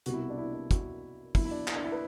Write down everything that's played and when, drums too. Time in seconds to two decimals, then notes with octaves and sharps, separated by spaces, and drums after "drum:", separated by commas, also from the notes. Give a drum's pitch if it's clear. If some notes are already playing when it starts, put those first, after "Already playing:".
0.06 C2 B2 G3 F#4, drum: hi-hat
0.14 E4
0.22 F#4
0.30 D4
0.38 E4
0.54 D4
0.71 F#4, drum: kick, hi-hat
1.35 B1 B2 F#3 E4, drum: kick, open hi-hat
1.45 E4
1.51 D4
1.68 E4, drum: clap
1.76 D4
1.84 E4
1.92 B4